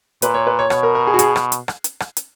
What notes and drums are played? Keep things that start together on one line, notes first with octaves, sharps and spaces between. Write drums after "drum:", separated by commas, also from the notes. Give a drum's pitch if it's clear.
A#2 B4, drum: hi-hat
C#5
B4
C#5
B2 C#5, drum: rim click
A#4
A#4
G#4
F#4
G#4, drum: hi-hat
drum: rim click
drum: hi-hat
drum: rim click
drum: hi-hat
drum: rim click
drum: hi-hat